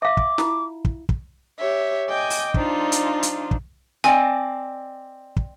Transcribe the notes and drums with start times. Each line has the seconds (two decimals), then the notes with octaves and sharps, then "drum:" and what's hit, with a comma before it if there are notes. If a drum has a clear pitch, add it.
0.02 E5 F5 D6
0.17 drum: kick
0.38 E4 F4, drum: snare
0.85 drum: kick
1.09 drum: kick
1.60 G4 C#5 E5
2.09 D#5 G5 G#5 D6
2.30 drum: open hi-hat
2.54 F3 D4 D#4 F4, drum: kick
2.92 drum: hi-hat
3.23 drum: hi-hat
3.51 drum: kick
4.04 C4 D5 D#5 G#5, drum: snare
5.36 drum: kick